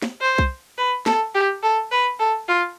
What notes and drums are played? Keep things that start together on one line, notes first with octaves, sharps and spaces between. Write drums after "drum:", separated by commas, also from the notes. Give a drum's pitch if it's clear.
drum: snare
C5
drum: kick C2
B4
A4, drum: snare
G4
A4
B4
A4
F4